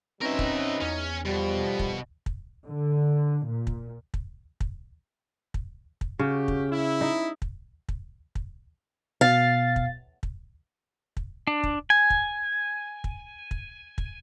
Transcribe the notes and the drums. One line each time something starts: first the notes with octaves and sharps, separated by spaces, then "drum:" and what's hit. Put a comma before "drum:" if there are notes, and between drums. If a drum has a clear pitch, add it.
F#3 C4 C#4 D#4 A#4 B4 E5
drum: kick
E2 C#4
B2 D3 F3 G3
drum: kick
drum: kick
D3
A#2
drum: kick
drum: kick
drum: kick
drum: kick
drum: kick
C#3 F#4 G4
drum: kick
E4
D#4
drum: kick
drum: kick
drum: kick
B2 F5 A6
drum: kick
drum: kick
drum: kick
D4
drum: kick
G#5
drum: kick
drum: kick
drum: kick
drum: kick